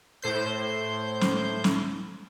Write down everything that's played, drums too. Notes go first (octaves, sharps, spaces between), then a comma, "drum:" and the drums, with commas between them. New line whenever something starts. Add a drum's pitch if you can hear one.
A2 C5 G6
drum: snare
drum: snare